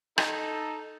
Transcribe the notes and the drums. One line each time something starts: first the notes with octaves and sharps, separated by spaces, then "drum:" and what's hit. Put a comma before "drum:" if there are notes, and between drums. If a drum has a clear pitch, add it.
D#4 A4, drum: rim click